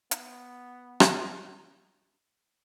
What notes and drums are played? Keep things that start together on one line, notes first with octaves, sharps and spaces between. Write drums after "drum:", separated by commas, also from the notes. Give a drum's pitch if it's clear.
B3, drum: hi-hat
drum: rim click